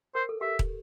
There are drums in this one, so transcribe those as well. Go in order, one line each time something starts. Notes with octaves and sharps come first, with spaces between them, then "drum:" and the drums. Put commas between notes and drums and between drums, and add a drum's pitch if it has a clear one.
A#4 C5
A4
G4 E5
drum: kick